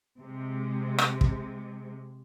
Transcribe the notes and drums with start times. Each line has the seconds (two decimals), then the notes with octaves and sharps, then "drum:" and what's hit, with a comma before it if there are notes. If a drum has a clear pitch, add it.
0.19 C3 G#3
0.98 drum: rim click
1.21 drum: kick